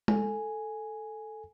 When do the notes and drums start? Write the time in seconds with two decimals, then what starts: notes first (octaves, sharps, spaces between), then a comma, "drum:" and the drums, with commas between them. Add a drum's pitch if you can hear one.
0.08 A4 G#5, drum: tom